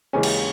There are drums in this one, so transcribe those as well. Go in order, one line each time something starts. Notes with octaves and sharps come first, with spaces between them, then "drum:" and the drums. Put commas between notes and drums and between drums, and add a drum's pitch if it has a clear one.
D#2 C#3 E3 G#3 C#4 G#5
drum: cymbal